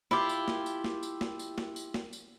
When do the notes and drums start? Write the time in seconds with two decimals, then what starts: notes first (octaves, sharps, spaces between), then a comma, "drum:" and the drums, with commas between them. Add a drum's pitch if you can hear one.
0.11 E4 F4 G4, drum: snare
0.29 drum: tambourine
0.48 drum: snare
0.66 drum: tambourine
0.84 drum: snare
1.03 drum: tambourine
1.21 drum: snare
1.39 drum: tambourine
1.58 drum: snare
1.76 drum: tambourine
1.94 drum: snare
2.13 drum: tambourine